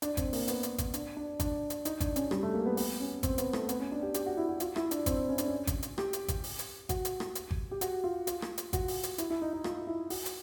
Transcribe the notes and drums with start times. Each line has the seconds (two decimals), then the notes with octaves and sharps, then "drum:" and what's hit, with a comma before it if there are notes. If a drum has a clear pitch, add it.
0.02 D4, drum: hi-hat
0.17 C4, drum: kick G#1, hi-hat
0.33 A#3, drum: open hi-hat
0.48 B3, drum: hi-hat
0.63 drum: hi-hat
0.78 drum: kick G#1, hi-hat
0.94 D4, drum: hi-hat
1.17 D4
1.40 D4, drum: kick G#1, hi-hat
1.70 drum: hi-hat
1.85 D#4, drum: hi-hat
2.00 D4, drum: kick G#1, hi-hat
2.16 C#4, drum: hi-hat
2.31 G3, drum: rim click
2.43 A3
2.54 A#3
2.66 B3
2.77 B3, drum: open hi-hat
3.00 C#4
3.23 C4, drum: kick G#1, hi-hat
3.38 B3, drum: hi-hat
3.53 A3, drum: rim click
3.69 B3, drum: hi-hat
3.80 C#4
3.92 D4
4.02 G4
4.14 G4, drum: hi-hat
4.26 F#4
4.37 E4
4.49 F#4
4.60 F4, drum: hi-hat
4.76 E4, drum: rim click
4.91 D4, drum: hi-hat
5.06 C4, drum: kick G#1, hi-hat
5.29 C#4
5.38 D4, drum: hi-hat
5.47 C#4
5.67 drum: kick G#1, hi-hat
5.83 drum: hi-hat
5.98 G4, drum: rim click
6.13 drum: hi-hat
6.28 drum: kick G#1, hi-hat
6.44 drum: open hi-hat
6.59 drum: hi-hat
6.89 F#4, drum: kick G#1, hi-hat
7.05 drum: hi-hat
7.20 drum: rim click
7.35 drum: hi-hat
7.51 drum: kick G#1
7.71 G4
7.81 F#4, drum: hi-hat
8.04 F4
8.27 F4, drum: hi-hat
8.42 drum: rim click
8.58 drum: hi-hat
8.73 F#4, drum: kick G#1, hi-hat
8.88 drum: open hi-hat
9.03 drum: hi-hat
9.18 E4, drum: hi-hat
9.30 E4
9.42 D#4
9.53 D#4
9.64 F4, drum: rim click
9.87 E4
10.10 F#4, drum: open hi-hat
10.26 drum: hi-hat